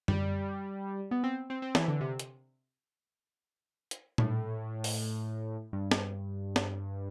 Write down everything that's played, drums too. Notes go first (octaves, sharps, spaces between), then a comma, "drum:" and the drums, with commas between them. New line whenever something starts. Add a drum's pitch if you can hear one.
G3, drum: tom F#2
B3
C4
C4
C4
E3, drum: snare
D3
C3
drum: hi-hat
drum: hi-hat
A2, drum: tom A#2
drum: open hi-hat
G2
drum: snare
drum: snare